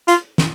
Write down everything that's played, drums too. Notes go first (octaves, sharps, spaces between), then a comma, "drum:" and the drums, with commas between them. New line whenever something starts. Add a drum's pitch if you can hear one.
F4, drum: hi-hat
drum: snare